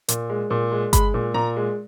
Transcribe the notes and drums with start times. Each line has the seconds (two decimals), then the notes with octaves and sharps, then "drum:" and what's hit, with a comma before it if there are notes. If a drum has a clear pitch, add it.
0.08 A#2, drum: hi-hat
0.30 G#3
0.50 A#2
0.72 G#3
0.93 G#3 B5, drum: kick G1, hi-hat
1.14 A#2
1.34 A#2 A#5
1.56 G#3